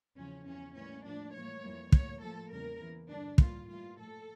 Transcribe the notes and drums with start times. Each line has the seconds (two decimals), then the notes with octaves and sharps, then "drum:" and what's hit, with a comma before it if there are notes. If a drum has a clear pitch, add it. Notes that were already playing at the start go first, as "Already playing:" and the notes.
0.18 E2 C#3 F3 C#4
0.46 E2 C#3 F3 C#4
0.76 A2 E3 G3 A#3 C#4
1.05 A2 F3 A#3 D4
1.34 A2 E3 G3 A#3 C#5
1.63 F2 E3 G3 A#3
1.92 A2 G3 A#3 C#5, drum: kick
2.22 A2 F3 A#3 A4
2.51 E2 C#3 G3 A#3 A#4
2.79 E2 E3 A#3
3.09 G2 D3 G3 D4
3.38 A2 E3 G3 A#3 F4, drum: kick
3.67 G2 E3 G3 A#3 F4
3.97 A#2 F3 A3 A4